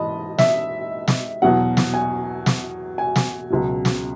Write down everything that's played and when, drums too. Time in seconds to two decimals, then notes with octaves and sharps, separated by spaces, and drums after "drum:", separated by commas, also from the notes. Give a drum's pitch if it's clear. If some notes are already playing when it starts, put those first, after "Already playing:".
Already playing: G#2 E3 D#5 A5 B5
0.38 E5, drum: snare
1.08 drum: snare
1.42 E2 B2 F#3 F#5
1.77 drum: snare
1.94 G#5
2.46 drum: snare
2.98 G#5
3.16 drum: snare
3.50 C#2 B2 F#3
3.85 drum: snare